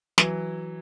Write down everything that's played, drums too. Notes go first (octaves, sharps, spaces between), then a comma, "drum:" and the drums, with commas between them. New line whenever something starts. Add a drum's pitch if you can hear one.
E3 F#3, drum: snare